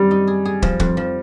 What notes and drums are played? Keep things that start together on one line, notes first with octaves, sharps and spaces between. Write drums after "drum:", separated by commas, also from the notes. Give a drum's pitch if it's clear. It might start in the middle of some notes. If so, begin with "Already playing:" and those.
Already playing: F#2 D#3 G3 C4
D#4
G#4
G#4
F3, drum: kick
F2, drum: kick
F3